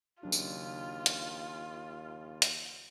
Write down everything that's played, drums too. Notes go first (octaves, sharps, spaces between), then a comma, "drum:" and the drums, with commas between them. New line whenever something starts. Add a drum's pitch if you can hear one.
D#2 C#3 F#3 D4 F4
drum: tambourine
drum: hi-hat
drum: hi-hat